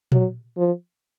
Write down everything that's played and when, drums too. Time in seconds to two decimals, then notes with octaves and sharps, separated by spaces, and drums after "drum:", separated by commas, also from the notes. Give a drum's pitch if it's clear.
0.12 F#3, drum: tom A#2
0.57 F3